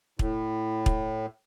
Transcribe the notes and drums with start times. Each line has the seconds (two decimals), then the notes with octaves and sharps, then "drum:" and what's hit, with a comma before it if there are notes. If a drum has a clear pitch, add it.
0.19 A2, drum: kick
0.86 drum: kick